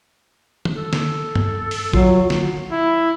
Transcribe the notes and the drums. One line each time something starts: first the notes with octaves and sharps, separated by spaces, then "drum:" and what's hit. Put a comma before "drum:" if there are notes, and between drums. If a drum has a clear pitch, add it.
drum: tom D#3
A4
drum: snare
drum: tom G2
drum: open hi-hat
F#3 F4, drum: kick
drum: snare
E4